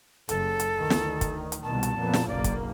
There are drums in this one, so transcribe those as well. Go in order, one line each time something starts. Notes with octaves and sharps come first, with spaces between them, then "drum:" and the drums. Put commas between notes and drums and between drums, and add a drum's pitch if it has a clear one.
F#1 A4, drum: hi-hat
drum: hi-hat
D2 D#3
drum: snare
drum: kick, hi-hat
drum: hi-hat
C2 B2 D#3 A5
drum: hi-hat
F2 A#2 B3
drum: snare
F#1 B1 A#3 D5
drum: kick, hi-hat